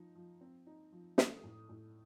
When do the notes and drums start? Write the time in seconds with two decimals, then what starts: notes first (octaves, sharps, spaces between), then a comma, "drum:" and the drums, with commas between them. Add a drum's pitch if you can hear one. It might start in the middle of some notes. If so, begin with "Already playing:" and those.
Already playing: F3 D#4
0.15 F3
0.41 C4
0.67 D#4
0.92 F3
1.18 A3 D#6, drum: snare
1.44 A2
1.69 A2